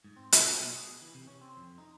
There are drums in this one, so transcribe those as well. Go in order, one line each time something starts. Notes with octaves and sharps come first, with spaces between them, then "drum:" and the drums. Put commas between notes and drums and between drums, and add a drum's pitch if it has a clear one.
G#2
C4
B2, drum: hi-hat
F#3
B2
G#4
E3
C3
C#4
C4
F2
D#4